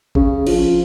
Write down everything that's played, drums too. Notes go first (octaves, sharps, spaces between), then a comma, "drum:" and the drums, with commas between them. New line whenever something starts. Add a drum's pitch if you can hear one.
C#3, drum: kick G#1
F3, drum: cymbal